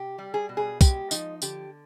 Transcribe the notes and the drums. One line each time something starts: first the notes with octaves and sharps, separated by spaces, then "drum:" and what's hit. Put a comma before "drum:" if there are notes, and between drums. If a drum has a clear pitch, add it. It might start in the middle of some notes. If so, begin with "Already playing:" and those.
Already playing: C3 G4
G3
G#4
B2
G#4
G#3 G4, drum: kick, tambourine
F3 D#4, drum: tambourine
D3 G4, drum: tambourine